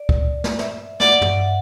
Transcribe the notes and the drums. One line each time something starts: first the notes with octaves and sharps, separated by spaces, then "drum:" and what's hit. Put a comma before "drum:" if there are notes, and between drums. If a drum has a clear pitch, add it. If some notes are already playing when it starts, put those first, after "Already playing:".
Already playing: D5
drum: kick C#2
drum: snare
E5, drum: snare
D5 F#5, drum: snare
drum: tom
F#5